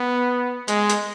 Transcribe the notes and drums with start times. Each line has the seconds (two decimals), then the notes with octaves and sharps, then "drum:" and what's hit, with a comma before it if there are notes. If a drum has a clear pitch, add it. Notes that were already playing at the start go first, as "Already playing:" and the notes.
Already playing: B3
0.68 G#3, drum: hi-hat
0.90 drum: hi-hat